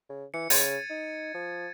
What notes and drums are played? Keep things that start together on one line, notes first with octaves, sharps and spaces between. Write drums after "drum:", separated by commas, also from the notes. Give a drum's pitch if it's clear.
C#3
E3 C#7
C#3 G#6 A6 D#7, drum: open hi-hat
D#4
F3